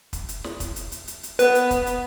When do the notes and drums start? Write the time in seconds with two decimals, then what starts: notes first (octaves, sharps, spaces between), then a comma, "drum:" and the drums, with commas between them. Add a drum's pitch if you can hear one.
0.13 drum: kick, hi-hat
0.29 drum: hi-hat
0.44 drum: snare
0.60 drum: kick, hi-hat
0.76 drum: hi-hat
0.92 drum: hi-hat
1.07 drum: hi-hat
1.23 drum: hi-hat
1.39 B3 B4, drum: hi-hat
1.55 drum: hi-hat
1.71 drum: kick, hi-hat
1.86 drum: hi-hat